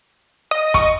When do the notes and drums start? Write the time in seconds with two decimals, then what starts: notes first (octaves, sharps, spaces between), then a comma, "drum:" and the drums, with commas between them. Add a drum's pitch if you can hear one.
0.51 D#5
0.74 C#6, drum: kick, hi-hat